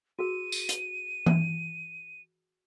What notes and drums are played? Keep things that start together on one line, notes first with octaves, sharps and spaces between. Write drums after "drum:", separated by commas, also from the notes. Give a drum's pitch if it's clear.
F#4 G#4 A#4 D#7
drum: tambourine
drum: hi-hat
drum: tom E3